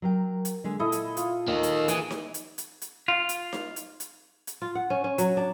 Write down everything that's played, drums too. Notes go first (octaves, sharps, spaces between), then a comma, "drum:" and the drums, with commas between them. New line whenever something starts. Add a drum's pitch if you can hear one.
F#3 A#4 G5
drum: hi-hat
D3 G#3 G#4
A#2 E4 A4 D#5
drum: hi-hat
F4, drum: hi-hat
A#3 D#4
drum: hi-hat
E3 G#4 G#5, drum: hi-hat
drum: snare D#4
drum: hi-hat
drum: hi-hat
drum: hi-hat
F4
drum: hi-hat
drum: snare D#4
drum: hi-hat
drum: hi-hat
drum: hi-hat
F4
F#5
C#4
C#4
F#3, drum: hi-hat
D4